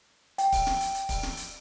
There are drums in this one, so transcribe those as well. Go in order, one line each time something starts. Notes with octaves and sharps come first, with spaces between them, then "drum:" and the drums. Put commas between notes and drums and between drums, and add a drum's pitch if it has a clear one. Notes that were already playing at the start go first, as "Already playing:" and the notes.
G5, drum: hi-hat
drum: kick, open hi-hat
drum: snare
drum: hi-hat
drum: hi-hat
drum: kick, open hi-hat
drum: snare
drum: hi-hat